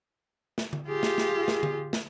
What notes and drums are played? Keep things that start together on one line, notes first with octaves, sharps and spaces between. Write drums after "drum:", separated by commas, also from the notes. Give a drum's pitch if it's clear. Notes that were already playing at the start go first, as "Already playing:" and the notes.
drum: snare
drum: tom D3
F4 G4 G#4
drum: snare
drum: snare
drum: snare
drum: tom D3
drum: snare